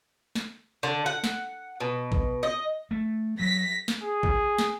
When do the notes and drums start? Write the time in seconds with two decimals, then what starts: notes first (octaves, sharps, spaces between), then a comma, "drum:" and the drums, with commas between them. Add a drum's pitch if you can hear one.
0.35 drum: snare
0.83 D3
1.06 F#5
1.24 drum: snare
1.80 B2
2.12 drum: kick A1
2.43 D#5
2.91 A3
3.40 F#3 A#6 B6
3.88 drum: snare
4.03 G#4
4.23 drum: kick A1
4.59 drum: snare